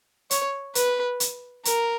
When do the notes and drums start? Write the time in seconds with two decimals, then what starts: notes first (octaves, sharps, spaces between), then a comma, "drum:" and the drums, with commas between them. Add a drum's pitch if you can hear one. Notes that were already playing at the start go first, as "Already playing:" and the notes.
0.31 C#5, drum: hi-hat
0.75 B4, drum: hi-hat
1.20 drum: hi-hat
1.65 A#4, drum: hi-hat